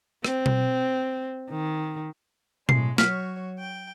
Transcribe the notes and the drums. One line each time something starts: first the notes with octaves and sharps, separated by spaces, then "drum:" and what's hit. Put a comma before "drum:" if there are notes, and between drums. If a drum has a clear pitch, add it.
C4, drum: rim click
drum: tom B2
D#3
A2 G#3 C7, drum: tom B2
F#3 F#4 C#5 F6 B6, drum: snare
G5